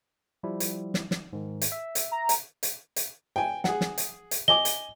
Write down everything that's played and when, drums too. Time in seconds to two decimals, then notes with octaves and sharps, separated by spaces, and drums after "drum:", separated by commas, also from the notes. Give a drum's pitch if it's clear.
0.43 F3 G3 E4
0.60 drum: hi-hat
0.94 drum: snare
1.11 drum: snare
1.33 G#2 D#3
1.61 drum: hi-hat
1.72 E5
1.95 drum: hi-hat
2.12 A#5
2.29 drum: hi-hat
2.63 drum: hi-hat
2.96 drum: hi-hat
3.36 G5 G#5
3.64 G#4 F#5, drum: snare
3.81 drum: snare
3.98 drum: hi-hat
4.31 drum: hi-hat
4.48 D#5 G#5 D6 G7
4.65 drum: hi-hat